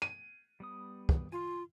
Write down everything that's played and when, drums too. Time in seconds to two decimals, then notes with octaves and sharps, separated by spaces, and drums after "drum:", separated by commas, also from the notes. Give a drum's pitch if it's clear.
0.02 D#7
0.60 G3 B3 D#6
1.09 drum: kick
1.32 F4 G#5 C6